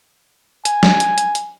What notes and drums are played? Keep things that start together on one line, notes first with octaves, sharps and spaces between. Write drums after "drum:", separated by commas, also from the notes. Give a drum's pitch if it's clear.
G#5, drum: hi-hat
drum: snare
drum: hi-hat
drum: hi-hat
drum: hi-hat